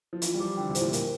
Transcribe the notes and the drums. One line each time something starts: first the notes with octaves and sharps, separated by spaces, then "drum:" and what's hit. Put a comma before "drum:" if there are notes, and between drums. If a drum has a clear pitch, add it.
F3
E3 F4, drum: hi-hat
G3
F3 D6
D3 G5
C3
A2 C5, drum: hi-hat
A#2
A#4, drum: hi-hat